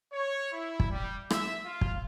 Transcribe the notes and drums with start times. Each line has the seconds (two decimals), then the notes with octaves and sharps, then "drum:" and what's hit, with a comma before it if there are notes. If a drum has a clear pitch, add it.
0.12 C#5
0.52 E4
0.80 drum: kick
0.90 G3
1.30 E5, drum: rim click
1.66 F4
1.81 drum: kick